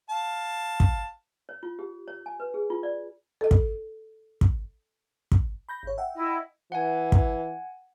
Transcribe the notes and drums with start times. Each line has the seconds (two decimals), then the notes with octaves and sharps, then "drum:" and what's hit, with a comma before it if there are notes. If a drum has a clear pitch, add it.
0.10 F5 A5
0.80 drum: kick
1.49 C#5
1.63 F4
1.79 G4
2.08 C#5
2.26 G#5
2.40 B4
2.54 G#4
2.70 F4
2.83 D5
3.41 A4 D#5
3.51 drum: kick
4.41 drum: kick
5.32 drum: kick
5.69 B5 G6 A#6
5.83 G#1 C#5
5.98 E5 F#5 G5
6.15 E4 D#5
6.72 E3 F#5 G#5
7.12 drum: kick